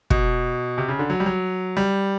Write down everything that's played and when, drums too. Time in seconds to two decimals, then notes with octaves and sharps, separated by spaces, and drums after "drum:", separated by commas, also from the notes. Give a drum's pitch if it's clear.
0.10 B2, drum: kick
0.78 C3
0.88 C#3
0.99 D3
1.10 F#3
1.20 G3
1.26 F#3
1.77 G3